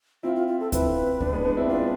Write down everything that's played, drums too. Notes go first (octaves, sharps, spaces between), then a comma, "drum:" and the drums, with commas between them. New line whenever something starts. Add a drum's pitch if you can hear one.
C4 E4 F4
F4
F4
A4
C4 E4 B4, drum: kick D2, hi-hat
B3 D4, drum: kick D2
G#3 B3
B3 D4
C4 E4
D4 F4 D5